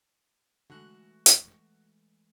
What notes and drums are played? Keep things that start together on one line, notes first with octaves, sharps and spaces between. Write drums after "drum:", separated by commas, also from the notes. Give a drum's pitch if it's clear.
D3 E3 G#3 A3 F#4 F#6
drum: hi-hat